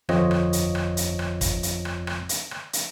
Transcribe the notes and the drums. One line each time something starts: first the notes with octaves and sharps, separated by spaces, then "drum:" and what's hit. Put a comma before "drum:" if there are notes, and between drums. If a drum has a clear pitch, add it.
G1 F2 C4 F4 C#5 D#5, drum: rim click
drum: rim click
drum: hi-hat
drum: rim click
drum: hi-hat
drum: rim click
drum: kick, hi-hat
drum: hi-hat
drum: rim click
drum: rim click
drum: hi-hat
drum: rim click
drum: hi-hat